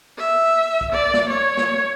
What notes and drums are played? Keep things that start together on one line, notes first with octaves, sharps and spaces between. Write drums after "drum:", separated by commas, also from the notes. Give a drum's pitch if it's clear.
E5
drum: kick
D5
drum: snare
C#5
drum: snare